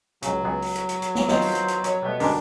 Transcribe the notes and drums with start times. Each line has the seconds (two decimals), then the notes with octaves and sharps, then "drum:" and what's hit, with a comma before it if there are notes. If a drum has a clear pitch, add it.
0.22 C#2 C#3 F#3, drum: hi-hat
0.44 C#2 B3 G#4
0.62 drum: open hi-hat
0.75 drum: hi-hat
0.89 drum: hi-hat
1.02 drum: hi-hat
1.15 drum: snare
1.28 D#2 B3 C4 D#4 F4 A#4 C5 E5, drum: snare
1.42 drum: open hi-hat
1.55 drum: hi-hat
1.68 drum: hi-hat
1.84 C#5 D#5, drum: hi-hat
2.03 B2 G3 A3 B3
2.20 D2 G3 G#3 D4 D#4 A#4, drum: open hi-hat